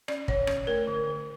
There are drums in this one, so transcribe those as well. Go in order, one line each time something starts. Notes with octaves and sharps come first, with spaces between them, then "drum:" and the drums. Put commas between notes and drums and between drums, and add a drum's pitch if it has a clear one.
C#4 D5, drum: rim click
D3 C#5, drum: kick
C#4, drum: rim click
A3 A#4
D3
D3